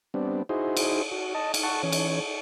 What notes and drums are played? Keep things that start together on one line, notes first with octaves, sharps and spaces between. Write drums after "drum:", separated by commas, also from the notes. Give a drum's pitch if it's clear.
G3 B3 C4 D4
D#4 E4 F#4 G#4 C5
drum: cymbal
F#4
D#5 A5
drum: cymbal
F#5 A5 C#6
E3 C#4 C#5
drum: cymbal